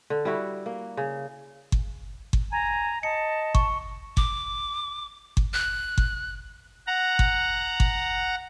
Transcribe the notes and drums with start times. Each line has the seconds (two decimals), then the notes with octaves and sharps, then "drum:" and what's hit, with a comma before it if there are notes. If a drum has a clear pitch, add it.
0.10 D3
0.25 G3 E4 F#4
0.66 A#3
0.97 C#3
1.72 drum: kick G1
2.33 drum: kick G1
2.52 G#5 A#5
3.03 D#5 A5 C#7
3.55 C#6, drum: kick G1
4.17 D6, drum: kick G1
5.37 drum: kick G1
5.53 F#6
5.98 drum: kick G1
6.87 F#5 A#5
7.19 drum: kick G1
7.80 drum: kick G1